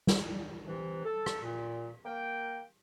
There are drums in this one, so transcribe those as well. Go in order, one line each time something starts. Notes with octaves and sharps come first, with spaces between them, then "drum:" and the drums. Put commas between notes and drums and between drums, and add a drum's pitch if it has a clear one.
drum: snare
C3 E3
A4
drum: rim click
A#2
A#3 G5